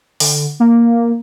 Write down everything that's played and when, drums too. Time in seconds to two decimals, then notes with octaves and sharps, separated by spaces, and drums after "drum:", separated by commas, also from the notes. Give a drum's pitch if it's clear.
0.20 D3, drum: open hi-hat
0.60 A#3